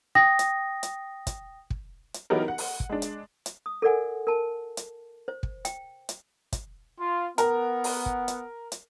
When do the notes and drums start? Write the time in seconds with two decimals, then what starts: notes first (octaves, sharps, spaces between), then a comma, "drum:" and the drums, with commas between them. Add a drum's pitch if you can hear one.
0.15 G5 D#6 A#6
0.39 drum: hi-hat
0.83 drum: hi-hat
1.27 drum: kick, hi-hat
1.70 drum: kick
2.14 drum: hi-hat
2.30 E3 F#3 B3 D#4 G4 A#4
2.48 F#5
2.58 drum: open hi-hat
2.80 drum: kick
2.89 G#3 D4
3.02 drum: hi-hat
3.46 drum: hi-hat
3.66 D#6
3.82 A4 A#4 D5 F#5 G#5
4.27 A#4 A5
4.77 drum: hi-hat
5.28 C5
5.43 drum: kick
5.65 G5, drum: hi-hat
6.09 drum: hi-hat
6.52 drum: kick, hi-hat
7.00 F4
7.38 B3 A#4 F#5, drum: hi-hat
7.84 drum: open hi-hat
8.06 drum: kick
8.28 drum: hi-hat
8.72 drum: hi-hat